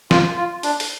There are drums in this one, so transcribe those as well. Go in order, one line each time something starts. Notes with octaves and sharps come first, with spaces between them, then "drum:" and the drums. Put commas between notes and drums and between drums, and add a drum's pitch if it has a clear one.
F4, drum: snare
F4
D4, drum: open hi-hat
drum: open hi-hat